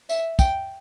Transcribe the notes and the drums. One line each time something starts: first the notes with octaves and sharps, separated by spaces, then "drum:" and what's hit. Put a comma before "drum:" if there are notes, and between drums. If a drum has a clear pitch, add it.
E5, drum: tambourine
G5, drum: kick, tambourine